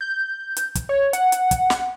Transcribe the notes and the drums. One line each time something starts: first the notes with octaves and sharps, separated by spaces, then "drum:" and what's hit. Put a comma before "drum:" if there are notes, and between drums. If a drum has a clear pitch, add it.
G6
drum: hi-hat
drum: kick, hi-hat
C#5
F#5, drum: hi-hat
drum: hi-hat
drum: kick, hi-hat
drum: snare